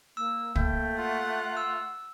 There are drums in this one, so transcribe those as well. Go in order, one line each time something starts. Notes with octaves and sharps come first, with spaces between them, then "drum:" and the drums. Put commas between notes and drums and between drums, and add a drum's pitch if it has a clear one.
A#3 E6
A3 A#3 G5, drum: kick
F4 F#5
E6